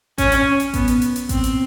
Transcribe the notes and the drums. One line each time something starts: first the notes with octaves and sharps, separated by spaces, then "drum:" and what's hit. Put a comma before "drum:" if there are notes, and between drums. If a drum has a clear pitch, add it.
C#4, drum: kick A1, hi-hat
drum: hi-hat
drum: hi-hat
B3, drum: kick A1, hi-hat
drum: hi-hat
drum: hi-hat
drum: hi-hat
C4, drum: kick A1, hi-hat
drum: hi-hat